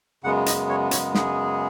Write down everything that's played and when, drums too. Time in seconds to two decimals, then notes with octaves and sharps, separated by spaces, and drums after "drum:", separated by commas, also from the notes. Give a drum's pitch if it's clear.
0.24 F#2 C#3 G#3 B3 F#5
0.46 D#5, drum: hi-hat
0.69 C#5
0.91 C#5, drum: hi-hat
1.15 G#4, drum: snare